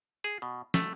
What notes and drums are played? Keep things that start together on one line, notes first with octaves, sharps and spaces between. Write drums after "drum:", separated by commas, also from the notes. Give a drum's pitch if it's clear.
G#4
B2
A3, drum: snare